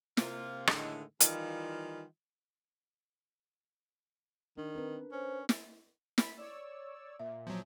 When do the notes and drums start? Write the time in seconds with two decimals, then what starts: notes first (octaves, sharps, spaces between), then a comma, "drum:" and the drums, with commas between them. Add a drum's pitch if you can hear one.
0.17 C3 A#3 F4, drum: snare
0.67 A2 D3 D#3 G#3 A3 E4, drum: rim click
1.21 D#3 E3 G3 D#4 F4, drum: hi-hat
4.57 D#3 D4
4.75 C4 A#4 B4
5.12 C#4 C5
5.49 drum: snare
6.18 B5 B6, drum: snare
6.37 C#5 D5 E6
7.19 A#2 E5
7.47 F3 F#3 B3